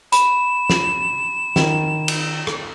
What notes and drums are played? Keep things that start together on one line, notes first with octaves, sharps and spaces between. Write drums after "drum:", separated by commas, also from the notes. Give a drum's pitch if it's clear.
B5 E7, drum: hi-hat
drum: snare
D#3, drum: snare
drum: cymbal
drum: rim click